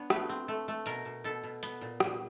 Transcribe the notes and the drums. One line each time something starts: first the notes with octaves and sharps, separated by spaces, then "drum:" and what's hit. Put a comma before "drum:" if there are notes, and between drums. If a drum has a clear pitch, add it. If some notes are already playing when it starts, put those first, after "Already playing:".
Already playing: B3 D4 C#5
A3 B4, drum: rim click
C4
A3
A3
B2 A#4, drum: hi-hat
B2
B2 A4
B2
B3, drum: hi-hat
A#2
G3, drum: rim click